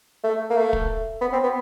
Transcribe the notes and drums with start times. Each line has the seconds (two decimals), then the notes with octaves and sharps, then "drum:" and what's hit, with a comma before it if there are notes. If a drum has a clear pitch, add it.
0.24 A3
0.50 A#3
0.57 A3
0.73 drum: kick
1.21 B3
1.33 C4
1.43 B3